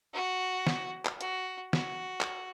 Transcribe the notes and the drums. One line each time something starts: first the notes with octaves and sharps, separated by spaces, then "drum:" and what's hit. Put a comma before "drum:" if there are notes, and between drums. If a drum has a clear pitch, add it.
F#4
drum: snare
drum: clap
F#4, drum: hi-hat
F#4, drum: snare
drum: clap